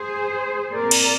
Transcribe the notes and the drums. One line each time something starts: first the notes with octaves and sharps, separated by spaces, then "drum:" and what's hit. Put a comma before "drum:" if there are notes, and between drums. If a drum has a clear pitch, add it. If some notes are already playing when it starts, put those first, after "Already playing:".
Already playing: G#4 C5
A#2 G#3 C4 A#4 D5
drum: cymbal